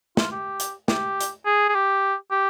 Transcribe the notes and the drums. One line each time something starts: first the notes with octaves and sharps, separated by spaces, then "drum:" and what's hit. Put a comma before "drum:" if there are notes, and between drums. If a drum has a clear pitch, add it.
F4, drum: snare
G4
drum: hi-hat
G4, drum: snare
drum: hi-hat
G#4
G#4
G4
G4